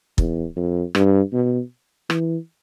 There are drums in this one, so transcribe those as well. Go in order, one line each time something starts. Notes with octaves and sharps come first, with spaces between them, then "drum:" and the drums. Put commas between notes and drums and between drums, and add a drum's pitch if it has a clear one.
E2, drum: kick
F2
G2, drum: rim click
B2
E3, drum: rim click